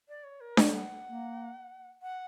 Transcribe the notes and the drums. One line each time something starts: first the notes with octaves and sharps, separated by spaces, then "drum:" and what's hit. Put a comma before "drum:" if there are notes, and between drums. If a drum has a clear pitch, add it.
D5
C#5
A#4
C#5, drum: snare D4
G3 F#5
A#3
F#5